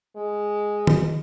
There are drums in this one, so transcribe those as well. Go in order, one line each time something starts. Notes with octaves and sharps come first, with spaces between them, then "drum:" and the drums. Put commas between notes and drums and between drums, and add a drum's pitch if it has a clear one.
G#3
drum: tom